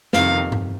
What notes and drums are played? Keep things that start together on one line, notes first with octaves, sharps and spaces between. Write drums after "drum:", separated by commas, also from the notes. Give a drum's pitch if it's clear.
F2 C3 D#3 F5, drum: snare
drum: tom G2